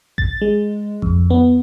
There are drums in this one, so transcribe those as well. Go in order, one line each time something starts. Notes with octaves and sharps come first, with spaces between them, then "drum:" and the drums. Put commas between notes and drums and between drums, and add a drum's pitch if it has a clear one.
A6, drum: kick A1
G#3
F2, drum: kick A1
B3